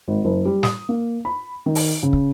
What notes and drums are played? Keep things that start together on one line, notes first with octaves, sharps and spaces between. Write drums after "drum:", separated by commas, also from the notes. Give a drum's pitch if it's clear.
G#1
F#1
G3
D#6, drum: snare
A#3
B5
D#3
drum: open hi-hat
C#3
drum: kick